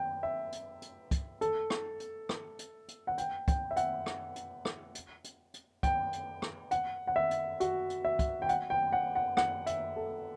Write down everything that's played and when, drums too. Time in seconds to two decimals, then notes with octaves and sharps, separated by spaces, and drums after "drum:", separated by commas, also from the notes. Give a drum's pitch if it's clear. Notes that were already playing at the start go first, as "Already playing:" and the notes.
Already playing: G5
0.23 E5
0.52 drum: hi-hat
0.82 drum: hi-hat
1.11 drum: kick, hi-hat
1.41 A4, drum: hi-hat
1.70 drum: rim click
2.00 drum: hi-hat
2.29 drum: rim click
2.59 drum: hi-hat
2.88 drum: hi-hat
3.07 F#5
3.18 G5, drum: hi-hat
3.48 G5, drum: kick, hi-hat
3.71 E5
3.76 F#5, drum: hi-hat
4.06 drum: rim click
4.36 drum: hi-hat
4.65 drum: rim click
4.95 drum: hi-hat
5.24 drum: hi-hat
5.54 drum: hi-hat
5.83 G5, drum: kick, hi-hat
6.13 drum: hi-hat
6.42 drum: rim click
6.71 F#5, drum: hi-hat
7.07 F#5
7.16 E5
7.31 drum: hi-hat
7.60 F#4, drum: hi-hat
7.90 drum: hi-hat
8.05 E5
8.19 drum: kick, hi-hat
8.42 G5
8.49 F#5, drum: hi-hat
8.70 G5
8.92 F#5
9.15 F#5
9.37 F#5, drum: rim click
9.66 E5, drum: hi-hat
9.96 A4